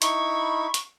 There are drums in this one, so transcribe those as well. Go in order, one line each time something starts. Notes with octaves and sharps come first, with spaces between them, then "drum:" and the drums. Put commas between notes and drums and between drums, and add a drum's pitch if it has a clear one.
D#4 E4 B5 C#6, drum: hi-hat
drum: hi-hat